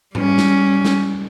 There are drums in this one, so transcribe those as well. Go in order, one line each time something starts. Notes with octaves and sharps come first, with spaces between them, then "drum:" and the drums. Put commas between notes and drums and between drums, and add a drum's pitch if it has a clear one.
G3 C#4, drum: tom G#2
drum: snare
drum: snare